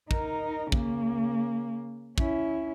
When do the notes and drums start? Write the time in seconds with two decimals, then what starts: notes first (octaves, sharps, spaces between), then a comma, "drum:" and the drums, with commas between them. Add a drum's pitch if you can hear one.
0.11 D#4 A#4, drum: kick
0.72 C#3 A#3, drum: kick
2.18 C#4 E4, drum: kick